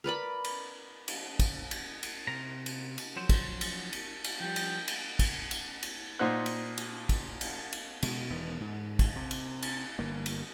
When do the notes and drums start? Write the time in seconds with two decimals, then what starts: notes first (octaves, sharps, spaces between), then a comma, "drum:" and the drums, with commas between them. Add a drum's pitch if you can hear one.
0.04 A#4 B4 D5 B5
0.44 drum: cymbal
1.08 drum: cymbal
1.39 drum: kick, cymbal
1.71 drum: cymbal
2.03 drum: cymbal
2.27 C3 A#4 A#5
2.66 drum: cymbal
2.98 drum: cymbal
3.16 F3 F#3 C5
3.29 drum: kick, cymbal
3.61 drum: cymbal
3.93 drum: cymbal
4.24 drum: cymbal
4.40 F3 G3 G5
4.56 drum: cymbal
4.88 drum: cymbal
5.19 drum: kick, cymbal
5.51 drum: cymbal
5.83 drum: cymbal
6.19 A#2 D#4 C5 F#5 F#6
6.46 drum: cymbal
6.78 drum: cymbal
7.09 drum: kick, cymbal
7.41 drum: cymbal
7.73 drum: cymbal
8.03 B2 G#3, drum: cymbal
8.31 E1 E2 D#3 B3
8.60 G#2
8.99 drum: kick, cymbal
9.16 C3
9.31 drum: cymbal
9.62 drum: cymbal
9.99 G1 A#3
10.26 drum: cymbal